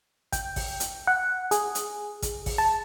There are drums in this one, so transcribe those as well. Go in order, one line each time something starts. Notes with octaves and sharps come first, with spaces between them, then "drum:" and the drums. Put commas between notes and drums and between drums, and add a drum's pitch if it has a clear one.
G5, drum: kick A1, hi-hat
drum: kick A1, open hi-hat
drum: hi-hat
F#5
G#4, drum: hi-hat
drum: hi-hat
drum: kick A1, hi-hat
drum: kick A1, open hi-hat
A5